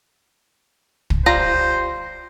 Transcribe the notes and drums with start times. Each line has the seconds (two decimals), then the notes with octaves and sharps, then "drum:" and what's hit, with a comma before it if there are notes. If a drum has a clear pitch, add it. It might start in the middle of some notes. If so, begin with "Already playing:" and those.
1.10 drum: kick
1.26 G3 F4 C5 A#5